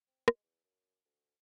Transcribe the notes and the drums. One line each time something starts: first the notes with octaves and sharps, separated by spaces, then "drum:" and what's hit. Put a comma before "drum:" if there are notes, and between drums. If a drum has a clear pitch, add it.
C4
G#3, drum: rim click
E2
F#2
D2